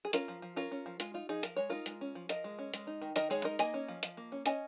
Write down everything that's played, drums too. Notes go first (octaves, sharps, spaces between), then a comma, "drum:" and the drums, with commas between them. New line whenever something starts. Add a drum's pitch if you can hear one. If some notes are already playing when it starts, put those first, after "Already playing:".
G#4
C#4 F4 A#4, drum: hi-hat
F3
F3
C#4 F4 A#4
C#4
F3
G#3 F4, drum: hi-hat
D#4 F4
F3 D#4 G#4
F3 A#4, drum: hi-hat
G#3 C#5
D#4 F4 A#4
G#3, drum: hi-hat
C#4
F3
F3 A#4 D#5, drum: hi-hat
G#3
C#4
G#3, drum: hi-hat
D#4
D#3
D#3 A#4 D#5, drum: hi-hat
G#3 G#4 C#5
D#4 A#4 D#5
A#3 D#5 G#5, drum: hi-hat
C#4
F3
F3, drum: hi-hat
A#3
C#4
C#4 D#5 G#5, drum: hi-hat